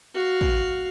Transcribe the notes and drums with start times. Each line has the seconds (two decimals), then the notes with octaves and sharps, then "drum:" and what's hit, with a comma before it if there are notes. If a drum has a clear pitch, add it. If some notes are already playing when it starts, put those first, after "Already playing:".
0.14 F#4 F5
0.41 drum: kick